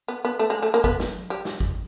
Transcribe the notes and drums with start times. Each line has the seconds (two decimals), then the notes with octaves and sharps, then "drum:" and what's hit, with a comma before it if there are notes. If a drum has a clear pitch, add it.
0.08 B3
0.25 B3
0.39 A3
0.50 G#3
0.62 A3
0.74 A#3
0.84 B3, drum: kick
1.00 drum: snare
1.30 G3
1.45 drum: snare
1.60 drum: kick